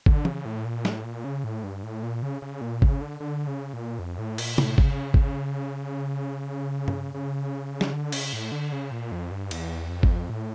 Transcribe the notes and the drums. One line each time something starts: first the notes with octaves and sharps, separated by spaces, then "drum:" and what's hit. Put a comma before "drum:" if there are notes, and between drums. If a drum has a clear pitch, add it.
D3, drum: kick G#1
C#3, drum: tom E3
A2
A#2
A2, drum: snare
A#2
C#3
A2
G2
A2
A#2
C#3
C#3
A#2
C#3, drum: kick G#1
D3
D3
C#3
A#2
F2
A2
A#2, drum: cymbal
A2, drum: tom C3
C#3, drum: kick G#1
drum: kick G#1
drum: tom G2
C#3
drum: snare
D3
C#3, drum: cymbal
A2
D3
C#3
A#2
F2
G2
E2, drum: cymbal
F2
drum: kick G#1
A2